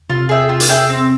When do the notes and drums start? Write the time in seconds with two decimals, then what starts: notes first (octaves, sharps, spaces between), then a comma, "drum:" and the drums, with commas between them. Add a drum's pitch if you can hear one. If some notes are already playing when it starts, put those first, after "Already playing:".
0.10 C3 F4
0.29 G#4 E5 G5
0.49 F4
0.60 drum: hi-hat
0.69 G#4 E5 G5
0.89 C4